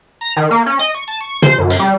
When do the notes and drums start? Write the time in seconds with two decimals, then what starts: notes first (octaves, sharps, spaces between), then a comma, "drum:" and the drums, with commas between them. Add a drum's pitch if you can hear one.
0.21 A#5
0.37 D#3
0.51 A#3
0.66 C#4
0.79 D#5
0.95 C#6
1.08 A5
1.21 C#6
1.42 C5, drum: tom
1.58 F#2
1.70 drum: hi-hat
1.80 G3